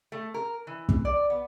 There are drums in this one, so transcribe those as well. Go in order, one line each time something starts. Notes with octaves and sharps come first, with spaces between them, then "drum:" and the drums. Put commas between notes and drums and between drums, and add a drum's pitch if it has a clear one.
A3
A#4
E3
drum: kick
D5
B3